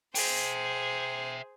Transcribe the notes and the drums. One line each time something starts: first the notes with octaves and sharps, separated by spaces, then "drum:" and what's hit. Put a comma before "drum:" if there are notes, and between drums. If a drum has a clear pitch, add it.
G#4 C5 E5 G5, drum: open hi-hat